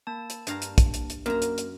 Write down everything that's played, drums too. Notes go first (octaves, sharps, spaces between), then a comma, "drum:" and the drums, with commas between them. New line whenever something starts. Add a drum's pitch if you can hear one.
A#3 A5
drum: hi-hat
G2 F5 A#5, drum: hi-hat
drum: hi-hat
drum: kick, hi-hat
drum: hi-hat
drum: hi-hat
F#2 A#3 A#4 A#5
drum: hi-hat
drum: hi-hat